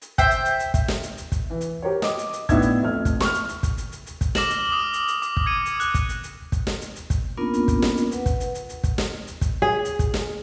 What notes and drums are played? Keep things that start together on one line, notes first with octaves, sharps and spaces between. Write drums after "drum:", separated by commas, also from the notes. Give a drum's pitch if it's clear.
drum: hi-hat
C5 E5 G5, drum: kick, hi-hat
drum: hi-hat
drum: hi-hat
drum: hi-hat
drum: kick, hi-hat
drum: snare
drum: hi-hat
drum: hi-hat
drum: kick, hi-hat
E3
drum: hi-hat
G4 A#4 C5 C#5
D#5 D6, drum: snare
drum: hi-hat
drum: hi-hat
A2 B3 D4 D#4 E5 G#6, drum: kick, hi-hat
drum: hi-hat
F2 A3 F6
drum: kick, hi-hat
C#6 F6, drum: snare
drum: hi-hat
drum: hi-hat
drum: kick, hi-hat
drum: hi-hat
drum: hi-hat
drum: hi-hat
drum: kick, hi-hat
D6 F6 A#6 E7 F#7, drum: snare
drum: hi-hat
D#6 F6
drum: hi-hat
drum: hi-hat
D6, drum: hi-hat
drum: kick
G#6 C#7 D#7
drum: hi-hat
F#6, drum: hi-hat
drum: kick, hi-hat
drum: hi-hat
drum: hi-hat
drum: kick, hi-hat
drum: snare
drum: hi-hat
drum: hi-hat
drum: kick, hi-hat
A#3 B3 C#4 D4 F4 A#4
drum: hi-hat
drum: kick, hi-hat
drum: snare
drum: hi-hat
B4 F#5, drum: hi-hat
drum: kick, hi-hat
drum: hi-hat
drum: hi-hat
drum: hi-hat
drum: kick, hi-hat
drum: snare
drum: hi-hat
drum: kick, hi-hat
G#4
drum: hi-hat
drum: kick, hi-hat
drum: snare